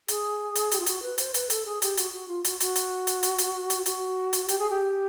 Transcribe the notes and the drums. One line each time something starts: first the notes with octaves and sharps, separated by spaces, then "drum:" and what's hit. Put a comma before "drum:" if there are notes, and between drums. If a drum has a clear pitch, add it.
G#4, drum: hi-hat
drum: hi-hat
G4, drum: hi-hat
F4
F#4, drum: hi-hat
B4
C5, drum: hi-hat
B4, drum: hi-hat
A4, drum: hi-hat
G#4
G4, drum: hi-hat
F#4, drum: hi-hat
F#4
F4
F#4, drum: hi-hat
F#4, drum: hi-hat
drum: hi-hat
drum: hi-hat
drum: hi-hat
drum: hi-hat
drum: hi-hat
F#4, drum: hi-hat
drum: hi-hat
G4, drum: hi-hat
G#4
G4